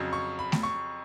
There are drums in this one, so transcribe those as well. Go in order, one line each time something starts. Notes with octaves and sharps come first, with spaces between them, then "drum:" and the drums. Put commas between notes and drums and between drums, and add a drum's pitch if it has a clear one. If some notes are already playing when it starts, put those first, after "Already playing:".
Already playing: F2 C#3 F#3
C#6
B5
drum: snare A3
C#6